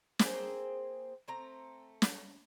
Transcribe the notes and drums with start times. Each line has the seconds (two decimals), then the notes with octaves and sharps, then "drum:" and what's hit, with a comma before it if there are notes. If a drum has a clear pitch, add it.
0.19 A#3 C4 G#4 C5, drum: snare
1.28 A3 C4 A#5
2.02 drum: snare